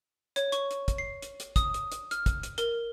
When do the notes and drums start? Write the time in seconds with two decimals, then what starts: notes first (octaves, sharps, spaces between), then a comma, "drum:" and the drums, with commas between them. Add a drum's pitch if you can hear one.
0.36 C#5, drum: hi-hat
0.52 C#6, drum: hi-hat
0.71 drum: hi-hat
0.88 drum: kick, hi-hat
0.98 C7
1.22 drum: hi-hat
1.40 drum: hi-hat
1.56 D#6, drum: kick, hi-hat
1.74 drum: hi-hat
1.92 drum: hi-hat
2.11 F6, drum: hi-hat
2.26 drum: kick, hi-hat
2.43 drum: hi-hat
2.58 A#4, drum: hi-hat